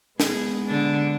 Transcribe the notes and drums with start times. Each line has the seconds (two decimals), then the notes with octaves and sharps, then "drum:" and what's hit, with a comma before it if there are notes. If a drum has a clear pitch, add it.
0.20 G#3 B3 G#4, drum: snare
0.65 D3 D4